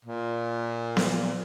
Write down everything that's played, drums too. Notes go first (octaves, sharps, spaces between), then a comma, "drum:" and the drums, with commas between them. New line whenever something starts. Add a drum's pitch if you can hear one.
A#2
drum: snare B3